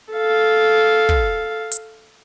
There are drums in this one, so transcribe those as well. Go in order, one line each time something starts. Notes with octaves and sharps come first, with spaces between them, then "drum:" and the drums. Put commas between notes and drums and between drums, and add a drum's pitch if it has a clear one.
A4 F5
drum: kick
drum: hi-hat